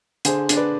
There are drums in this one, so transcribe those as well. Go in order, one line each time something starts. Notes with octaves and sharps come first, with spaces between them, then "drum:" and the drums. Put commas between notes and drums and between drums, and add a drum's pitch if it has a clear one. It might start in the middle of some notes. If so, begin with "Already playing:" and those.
D3 G#4 C5, drum: hi-hat
D4, drum: hi-hat
B4 D5